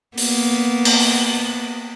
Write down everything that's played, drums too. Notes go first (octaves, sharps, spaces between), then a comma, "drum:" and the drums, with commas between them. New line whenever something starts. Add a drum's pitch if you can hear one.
A#3 B3, drum: open hi-hat
drum: cymbal
drum: open hi-hat